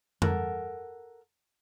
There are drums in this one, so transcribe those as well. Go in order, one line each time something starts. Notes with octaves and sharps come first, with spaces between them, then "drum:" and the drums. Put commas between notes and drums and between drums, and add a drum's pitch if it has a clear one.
A4 A#4 F#5, drum: tom F2